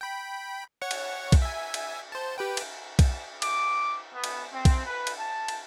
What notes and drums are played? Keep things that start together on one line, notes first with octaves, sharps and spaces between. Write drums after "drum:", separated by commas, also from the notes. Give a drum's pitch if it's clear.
G5 B5
C#5 F#5 C#6
drum: cymbal
drum: kick B1, cymbal
E5 G#5
drum: cymbal
C5 A5
G4 B4 G5
drum: cymbal
drum: kick B1, cymbal
D6, drum: cymbal
B3
drum: cymbal
C4
drum: kick B1, cymbal
B4
drum: cymbal
A5
drum: cymbal